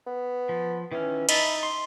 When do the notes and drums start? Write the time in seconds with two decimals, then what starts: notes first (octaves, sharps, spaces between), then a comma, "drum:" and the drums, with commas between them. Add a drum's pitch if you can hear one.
0.06 B3
0.49 F3
0.92 D#3 E3 C#4
1.29 D#4 E5 A5 B5, drum: cymbal
1.63 C6